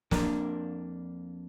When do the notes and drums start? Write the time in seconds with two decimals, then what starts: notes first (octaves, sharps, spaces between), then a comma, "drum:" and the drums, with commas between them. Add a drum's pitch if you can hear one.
0.11 F2 A#3 D4 A#4, drum: snare